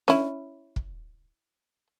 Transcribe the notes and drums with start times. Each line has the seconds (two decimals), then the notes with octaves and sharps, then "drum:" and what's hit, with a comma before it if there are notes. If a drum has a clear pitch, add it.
0.08 C#4 E4, drum: snare
0.76 drum: kick